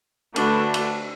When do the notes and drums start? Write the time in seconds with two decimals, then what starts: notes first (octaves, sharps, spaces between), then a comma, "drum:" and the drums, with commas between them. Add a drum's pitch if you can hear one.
0.36 D3 A3 D4 F#4 B4, drum: cymbal
0.74 drum: cymbal